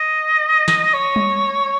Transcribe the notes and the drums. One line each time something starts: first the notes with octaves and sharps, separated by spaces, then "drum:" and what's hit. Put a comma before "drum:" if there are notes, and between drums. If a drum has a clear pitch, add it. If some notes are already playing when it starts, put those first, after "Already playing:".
Already playing: D#5
drum: snare
C#5
drum: tom G3